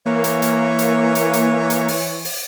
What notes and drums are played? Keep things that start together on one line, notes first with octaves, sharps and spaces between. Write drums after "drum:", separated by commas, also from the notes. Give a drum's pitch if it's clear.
E3 A#3 C#5
drum: hi-hat
drum: hi-hat
drum: hi-hat
drum: hi-hat
drum: hi-hat
drum: hi-hat
drum: open hi-hat
drum: open hi-hat